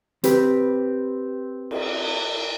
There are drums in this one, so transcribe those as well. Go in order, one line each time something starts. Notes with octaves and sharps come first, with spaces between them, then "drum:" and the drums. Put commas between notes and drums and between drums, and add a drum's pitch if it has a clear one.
C4 G4 B4, drum: hi-hat
drum: cymbal